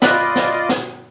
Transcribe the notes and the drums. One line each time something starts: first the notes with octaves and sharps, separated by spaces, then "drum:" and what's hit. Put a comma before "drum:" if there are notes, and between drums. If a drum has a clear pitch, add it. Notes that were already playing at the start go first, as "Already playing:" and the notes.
F4 D5 D#5 B5 F#6, drum: snare
drum: snare
drum: snare